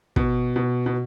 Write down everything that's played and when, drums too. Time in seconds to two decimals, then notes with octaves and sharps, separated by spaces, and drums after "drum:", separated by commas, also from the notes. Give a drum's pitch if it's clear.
0.16 B2, drum: kick
0.56 B2
0.86 B2